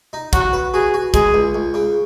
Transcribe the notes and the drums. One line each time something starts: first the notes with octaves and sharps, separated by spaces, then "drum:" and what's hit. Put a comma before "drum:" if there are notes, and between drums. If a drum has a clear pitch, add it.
D#4
F#3 F#4, drum: kick, hi-hat
B4
F#4 G#4
F#4
G#3 G#4, drum: kick, hi-hat
C#2
C#2
C#3